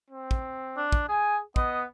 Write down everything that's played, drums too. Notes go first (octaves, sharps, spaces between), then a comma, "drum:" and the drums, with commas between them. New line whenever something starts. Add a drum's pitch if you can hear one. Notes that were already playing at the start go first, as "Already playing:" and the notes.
C4
drum: kick
D4
drum: kick
G#4 G#5
B3 D#5, drum: kick